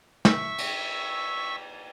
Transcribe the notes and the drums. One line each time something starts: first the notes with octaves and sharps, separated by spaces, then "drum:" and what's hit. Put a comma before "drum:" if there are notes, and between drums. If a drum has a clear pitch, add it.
E5 C#6 E6, drum: snare
drum: cymbal